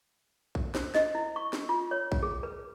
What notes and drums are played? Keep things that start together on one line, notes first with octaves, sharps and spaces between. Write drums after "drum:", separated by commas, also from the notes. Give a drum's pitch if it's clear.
drum: kick A#1
C5, drum: snare
D#5, drum: snare
E4
C#6
drum: snare
F4
C#5
drum: kick A#1
G#4
B4